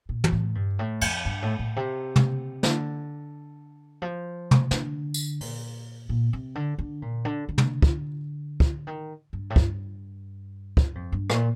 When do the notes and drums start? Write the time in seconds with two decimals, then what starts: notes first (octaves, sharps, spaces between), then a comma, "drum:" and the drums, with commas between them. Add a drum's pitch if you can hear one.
0.09 A#2
0.24 G2, drum: tom
0.32 A2
0.55 G2
0.79 A2
1.01 F2, drum: cymbal
1.25 G2
1.42 A2
1.59 A2
1.76 C3
2.16 drum: tom
2.63 D3, drum: snare
4.02 F3
4.51 drum: tom
4.71 D3, drum: snare
5.14 drum: tambourine
5.41 A#2, drum: open hi-hat
6.09 A#2
6.33 C3
6.55 D3
6.78 D3
7.02 A#2
7.25 D3
7.49 D3
7.58 drum: tom
7.82 drum: kick
8.60 drum: kick
8.87 D#3
9.33 G2
9.50 A2
9.56 G2, drum: kick
10.77 drum: kick
10.95 F2
11.12 G2
11.30 A#2, drum: rim click